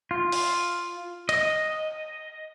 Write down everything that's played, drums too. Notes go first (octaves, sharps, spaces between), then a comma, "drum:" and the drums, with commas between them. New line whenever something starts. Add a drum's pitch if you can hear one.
F4
drum: open hi-hat
D#5, drum: cymbal